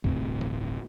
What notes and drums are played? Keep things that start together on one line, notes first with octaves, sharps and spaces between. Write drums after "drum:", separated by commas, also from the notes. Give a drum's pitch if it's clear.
D1 G1 A2 C3, drum: kick D2
drum: tom E3